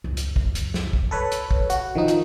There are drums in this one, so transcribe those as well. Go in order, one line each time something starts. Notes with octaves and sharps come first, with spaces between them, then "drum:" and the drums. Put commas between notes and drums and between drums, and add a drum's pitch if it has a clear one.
C#2 F#2
drum: hi-hat
drum: kick
drum: hi-hat
drum: snare
drum: kick
A4 B4 C#5
drum: hi-hat
drum: kick
F#4, drum: hi-hat
G#1 D#3 F3 D#4
drum: hi-hat